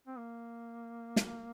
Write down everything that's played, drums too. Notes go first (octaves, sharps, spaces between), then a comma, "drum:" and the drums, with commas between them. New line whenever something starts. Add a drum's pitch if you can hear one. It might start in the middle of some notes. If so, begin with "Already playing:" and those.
C4
A#3
drum: snare